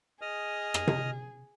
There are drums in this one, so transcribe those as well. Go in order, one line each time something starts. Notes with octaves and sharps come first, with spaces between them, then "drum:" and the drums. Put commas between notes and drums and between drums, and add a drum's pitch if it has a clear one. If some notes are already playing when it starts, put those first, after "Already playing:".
G#4 D#5 D#6 F6
drum: rim click
drum: tom C3